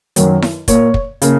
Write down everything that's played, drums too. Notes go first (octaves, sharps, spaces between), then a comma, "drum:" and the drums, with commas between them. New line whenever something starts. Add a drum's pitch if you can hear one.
F#2 D#3 F#3, drum: hi-hat
drum: snare E4
A#2 A#3 C#5, drum: kick, hi-hat
drum: kick
C#3 A#3, drum: hi-hat